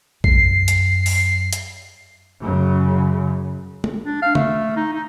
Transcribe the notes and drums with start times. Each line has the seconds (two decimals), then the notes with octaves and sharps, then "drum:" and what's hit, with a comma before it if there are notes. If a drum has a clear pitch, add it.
0.24 F#2 C7, drum: kick
0.68 drum: hi-hat
1.06 drum: open hi-hat
1.53 drum: hi-hat
2.41 F#2 C#3
3.84 drum: tom
4.06 D4
4.22 F5
4.35 A3, drum: tom
4.77 D#4
4.93 D#4